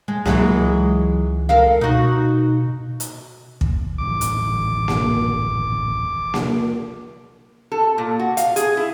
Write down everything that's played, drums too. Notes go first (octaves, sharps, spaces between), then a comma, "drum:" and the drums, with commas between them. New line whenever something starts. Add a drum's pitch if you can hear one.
G#3
C#2 E3 F#3 G#3, drum: snare A#3
A4 A#4 F5
B2 D#4 F#4
drum: hi-hat
drum: kick
D#1 A1 E3 D6
drum: hi-hat
drum: snare A#3
drum: snare A#3
A4
A#2
F#4
F5, drum: hi-hat
G#4, drum: hi-hat
E4